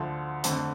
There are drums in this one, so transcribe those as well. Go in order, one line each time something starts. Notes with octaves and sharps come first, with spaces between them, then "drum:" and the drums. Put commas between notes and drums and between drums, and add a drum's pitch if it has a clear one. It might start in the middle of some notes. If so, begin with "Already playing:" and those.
Already playing: D2 D3 F3
F2 D3 A3, drum: hi-hat